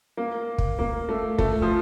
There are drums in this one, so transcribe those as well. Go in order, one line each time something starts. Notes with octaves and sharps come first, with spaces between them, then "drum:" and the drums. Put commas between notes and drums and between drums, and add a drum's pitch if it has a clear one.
A#3
drum: kick
A#3
A3
A3, drum: kick
F3